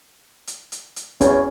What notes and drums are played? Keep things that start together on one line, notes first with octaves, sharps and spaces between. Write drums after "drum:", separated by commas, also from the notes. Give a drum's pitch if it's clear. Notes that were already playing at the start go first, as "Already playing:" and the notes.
drum: hi-hat
drum: hi-hat
drum: hi-hat
E2 C#4, drum: kick, hi-hat